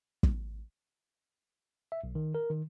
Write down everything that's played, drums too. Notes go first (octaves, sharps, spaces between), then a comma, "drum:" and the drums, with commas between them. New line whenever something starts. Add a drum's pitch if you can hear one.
drum: kick
E5
B1
D#3
A#4
D#3